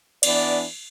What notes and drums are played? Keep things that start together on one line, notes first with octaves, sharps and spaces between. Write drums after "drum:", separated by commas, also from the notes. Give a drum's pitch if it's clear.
E3 B3 D4 D5, drum: cymbal